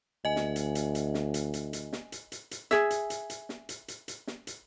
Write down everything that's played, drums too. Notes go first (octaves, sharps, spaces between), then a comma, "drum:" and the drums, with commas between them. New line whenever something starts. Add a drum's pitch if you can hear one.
D2 D#5 G#5
drum: snare
drum: hi-hat
drum: hi-hat
drum: hi-hat
drum: snare
drum: hi-hat
drum: hi-hat
drum: hi-hat
drum: snare
drum: hi-hat
drum: hi-hat
drum: hi-hat
G#4 E5, drum: snare
drum: hi-hat
drum: hi-hat
drum: hi-hat
drum: snare
drum: hi-hat
drum: hi-hat
drum: hi-hat
drum: snare
drum: hi-hat